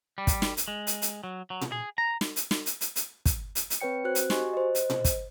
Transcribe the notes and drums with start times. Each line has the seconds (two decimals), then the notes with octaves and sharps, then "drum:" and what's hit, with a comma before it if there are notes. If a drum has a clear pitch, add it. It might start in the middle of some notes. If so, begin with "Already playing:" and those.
0.18 G3
0.27 drum: kick, hi-hat
0.42 drum: snare
0.57 drum: hi-hat
0.68 G#3
0.87 drum: hi-hat
1.02 drum: hi-hat
1.24 F#3
1.50 F#3
1.61 drum: tom A#2
1.72 G#4
1.98 A#5
2.21 drum: snare
2.36 drum: hi-hat
2.51 drum: snare
2.66 drum: hi-hat
2.81 drum: hi-hat
2.96 drum: hi-hat
3.26 drum: kick, hi-hat
3.55 drum: hi-hat
3.70 drum: hi-hat
3.81 C4 B4 C#5 G5 C#7
4.04 C4 F#4 C5 F#6
4.15 drum: hi-hat
4.30 F#4 G4 D#5 G#5 C6 C#6, drum: snare
4.53 C5 D#5
4.75 drum: hi-hat
4.90 drum: tom A#2
5.05 drum: kick, hi-hat